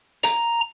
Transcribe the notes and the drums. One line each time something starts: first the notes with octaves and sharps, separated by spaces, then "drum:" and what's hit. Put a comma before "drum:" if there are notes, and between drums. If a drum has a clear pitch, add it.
A#5, drum: hi-hat